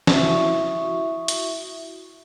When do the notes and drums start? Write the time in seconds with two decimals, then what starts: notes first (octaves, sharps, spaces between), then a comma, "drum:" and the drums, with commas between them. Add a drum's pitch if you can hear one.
0.07 E4 F#4 E5 C#6 D#6, drum: snare
1.28 drum: hi-hat